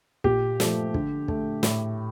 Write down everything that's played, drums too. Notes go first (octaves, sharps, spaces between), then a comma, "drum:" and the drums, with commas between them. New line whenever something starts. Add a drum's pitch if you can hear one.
A#2 G4, drum: kick
F3 A3, drum: snare
D3, drum: kick
A3, drum: kick
A2, drum: snare